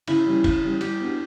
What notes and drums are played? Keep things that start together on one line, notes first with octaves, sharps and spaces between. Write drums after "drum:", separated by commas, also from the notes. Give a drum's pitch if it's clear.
C#3 E4, drum: cymbal
E3 G3 C#4
C#3, drum: kick, cymbal
E3 G3 C#4
G3 G4, drum: cymbal
B3 D4 F#4